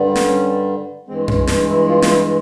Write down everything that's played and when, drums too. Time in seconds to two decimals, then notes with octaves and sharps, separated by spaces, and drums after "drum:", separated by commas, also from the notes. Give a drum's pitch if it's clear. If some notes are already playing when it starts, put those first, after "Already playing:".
Already playing: G2 D3 G3
0.16 drum: snare
0.26 C#4
1.07 G2 E3 G#3 C4
1.28 C#4, drum: tom F#2
1.47 D4, drum: snare
1.69 E4
1.88 F4
2.02 F4, drum: snare
2.09 E4